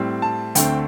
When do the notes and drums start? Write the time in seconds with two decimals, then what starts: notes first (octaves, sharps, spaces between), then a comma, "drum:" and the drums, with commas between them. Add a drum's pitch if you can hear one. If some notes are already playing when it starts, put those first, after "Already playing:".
Already playing: A2 G3 C4
0.22 A5
0.55 D2 D3 A3 C4 G5, drum: hi-hat